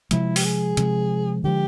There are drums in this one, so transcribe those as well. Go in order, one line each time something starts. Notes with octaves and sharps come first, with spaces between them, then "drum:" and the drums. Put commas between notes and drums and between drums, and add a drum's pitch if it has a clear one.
C3 F3 G#3 E4, drum: hi-hat
G4, drum: open hi-hat
G#4
C3 F3 G#3, drum: hi-hat
D3 F3 G#3 G4